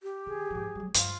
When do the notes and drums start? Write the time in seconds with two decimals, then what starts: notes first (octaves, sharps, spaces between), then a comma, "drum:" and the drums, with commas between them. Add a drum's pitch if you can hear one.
0.03 G4
0.26 D#3 G#4
0.50 G#2 F3
0.75 F#3 G3
0.94 G2 F3 F4, drum: hi-hat